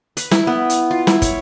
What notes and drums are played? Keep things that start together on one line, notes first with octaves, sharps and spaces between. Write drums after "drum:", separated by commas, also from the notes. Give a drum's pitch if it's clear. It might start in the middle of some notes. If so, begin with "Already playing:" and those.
B4, drum: hi-hat
E4, drum: snare
B3
drum: hi-hat
F4
E4, drum: snare
C#5, drum: kick, hi-hat